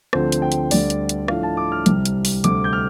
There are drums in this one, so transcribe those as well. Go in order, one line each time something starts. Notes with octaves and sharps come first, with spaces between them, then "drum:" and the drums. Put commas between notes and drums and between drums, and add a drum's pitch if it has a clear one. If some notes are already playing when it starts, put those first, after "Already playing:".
D2 D3 F3 C4 C5, drum: rim click
drum: hi-hat
G5
drum: hi-hat
D2 D3 G3 D5, drum: open hi-hat
drum: hi-hat
drum: hi-hat
A2 F3 A3 D4 F5, drum: rim click
A5
D6
F6
C2 C3 G3, drum: hi-hat
drum: hi-hat
drum: open hi-hat
D2 C3 G3 D6, drum: hi-hat
G6
F6